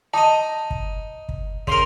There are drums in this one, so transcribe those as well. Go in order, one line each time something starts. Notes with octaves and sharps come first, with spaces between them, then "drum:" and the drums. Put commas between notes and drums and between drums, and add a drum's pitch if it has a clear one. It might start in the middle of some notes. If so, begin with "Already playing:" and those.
D#4 D#5 A5
drum: kick
drum: kick
C#3 A#4 C6, drum: kick